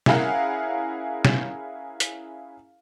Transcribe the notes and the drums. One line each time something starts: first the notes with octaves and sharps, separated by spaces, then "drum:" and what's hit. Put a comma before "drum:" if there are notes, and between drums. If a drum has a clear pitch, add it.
C#4 E4 G#4 A#4 F5 F#5, drum: snare
drum: snare
drum: hi-hat